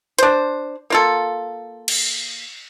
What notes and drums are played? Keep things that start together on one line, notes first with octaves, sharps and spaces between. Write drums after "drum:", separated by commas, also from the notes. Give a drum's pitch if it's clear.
D4 C5, drum: hi-hat
A#3 F4 A4
drum: cymbal